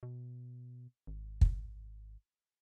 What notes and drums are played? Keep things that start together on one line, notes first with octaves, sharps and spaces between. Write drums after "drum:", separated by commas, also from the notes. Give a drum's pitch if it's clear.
B2
G#1
drum: kick